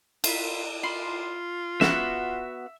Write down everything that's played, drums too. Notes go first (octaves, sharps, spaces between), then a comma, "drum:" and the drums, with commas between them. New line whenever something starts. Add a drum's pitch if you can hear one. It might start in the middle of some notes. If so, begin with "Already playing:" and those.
F4 B5, drum: cymbal
F4 B5 C6
B3 F#4 E5 F#5, drum: snare